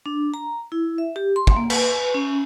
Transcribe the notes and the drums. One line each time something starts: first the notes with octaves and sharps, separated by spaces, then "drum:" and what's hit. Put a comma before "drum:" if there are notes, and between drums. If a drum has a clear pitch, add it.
D4
A#5
E4
E5
G4
C6
drum: kick
A#3
B4, drum: cymbal
C#4